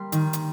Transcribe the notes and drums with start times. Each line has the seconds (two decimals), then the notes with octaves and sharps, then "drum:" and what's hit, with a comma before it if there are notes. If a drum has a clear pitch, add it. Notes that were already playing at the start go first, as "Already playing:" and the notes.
Already playing: G3 A#3 C6
0.12 D#3, drum: hi-hat
0.33 drum: hi-hat